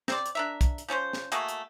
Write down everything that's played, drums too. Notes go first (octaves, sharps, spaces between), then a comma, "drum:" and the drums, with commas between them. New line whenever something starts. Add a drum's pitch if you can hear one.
C4 C5 D5, drum: snare
drum: hi-hat
D4 A#4 E5
drum: kick, hi-hat
drum: hi-hat
F3 C#4 A4 C5
drum: snare
A3 A#3 F#4 G#4, drum: hi-hat
drum: hi-hat